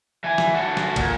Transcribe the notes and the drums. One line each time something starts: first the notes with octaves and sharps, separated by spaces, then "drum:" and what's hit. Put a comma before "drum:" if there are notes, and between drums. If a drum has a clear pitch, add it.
E3 G#5
drum: snare
F#4 A4
drum: snare
A#2, drum: kick, cymbal